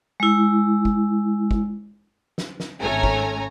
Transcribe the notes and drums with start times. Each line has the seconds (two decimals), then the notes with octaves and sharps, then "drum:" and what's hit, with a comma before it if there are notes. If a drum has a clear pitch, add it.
0.20 G#3 E4
0.85 drum: kick
1.51 drum: kick
2.38 drum: snare
2.60 drum: snare
2.81 G#1 A3 C#4 C#5 G#5 A#5
3.03 drum: kick